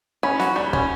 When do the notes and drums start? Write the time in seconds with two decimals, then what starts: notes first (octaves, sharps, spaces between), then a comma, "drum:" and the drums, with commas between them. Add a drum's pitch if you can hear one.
0.23 C#4 B5
0.40 F#4, drum: snare
0.56 G3 B5
0.73 C#4, drum: kick